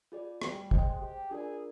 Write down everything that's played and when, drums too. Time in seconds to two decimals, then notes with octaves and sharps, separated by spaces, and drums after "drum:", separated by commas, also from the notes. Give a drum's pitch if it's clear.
0.12 F4 G#4 D5
0.42 G3, drum: rim click
0.71 G#3 G#4 C5 D#5 G5, drum: kick
1.01 G4
1.31 D4 F4 G#4 A#4 D5 G#5